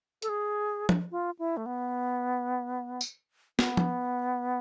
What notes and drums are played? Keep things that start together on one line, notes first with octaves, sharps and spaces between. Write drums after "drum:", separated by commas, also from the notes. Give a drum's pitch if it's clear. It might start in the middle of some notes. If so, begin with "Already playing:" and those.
A4, drum: hi-hat
G#4
drum: tom
F4
E4
A3
B3
drum: tambourine
B3, drum: snare
drum: tom